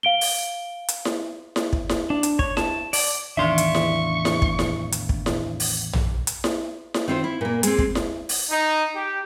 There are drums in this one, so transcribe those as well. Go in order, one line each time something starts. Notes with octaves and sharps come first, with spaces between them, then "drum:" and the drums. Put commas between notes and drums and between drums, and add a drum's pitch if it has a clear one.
F5 D7 G7
drum: open hi-hat
drum: hi-hat
drum: snare E4
drum: snare E4
drum: kick
drum: snare E4
D4
drum: hi-hat
C#5, drum: kick
A5, drum: snare E4
D5, drum: open hi-hat
A1 E2 D#3 D4 E5 F5 C6 C#6
drum: hi-hat
drum: snare E4
drum: snare E4
drum: kick
drum: snare E4
drum: hi-hat
drum: kick
drum: snare E4
drum: open hi-hat
drum: tom
drum: hi-hat
drum: snare E4
drum: snare E4
D#3 C4 F4 B4 C5
E4
A#2 A#3
G#3 C4, drum: hi-hat
drum: kick
drum: snare E4
drum: open hi-hat
D#4
G4